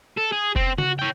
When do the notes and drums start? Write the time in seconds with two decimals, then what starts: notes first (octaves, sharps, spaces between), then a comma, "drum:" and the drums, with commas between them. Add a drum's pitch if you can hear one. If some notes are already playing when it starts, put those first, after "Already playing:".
0.18 A4
0.33 G#4
0.56 C4, drum: kick F1
0.78 F#4, drum: tom C#3
0.99 C#5 G5